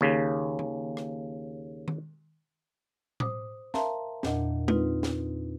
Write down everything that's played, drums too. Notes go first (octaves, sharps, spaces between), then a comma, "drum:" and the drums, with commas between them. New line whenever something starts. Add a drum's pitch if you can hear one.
D#2 C#3
drum: tom D#3
drum: rim click
drum: tom D#3
C5 D6 D#6, drum: tom A2
A#4 E5 F5 A5 A#5 C6, drum: snare
E2 A#2 D4 D#5 F#5, drum: snare
C4 D#4 F4 B4, drum: tom G#3
drum: snare